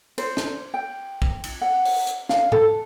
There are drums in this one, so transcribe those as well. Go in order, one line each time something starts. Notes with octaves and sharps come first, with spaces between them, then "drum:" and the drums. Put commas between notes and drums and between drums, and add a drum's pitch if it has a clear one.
C5, drum: cymbal
drum: snare
G5
drum: kick
drum: cymbal
F#5
drum: open hi-hat
drum: hi-hat
F5, drum: snare
A4, drum: tom G#2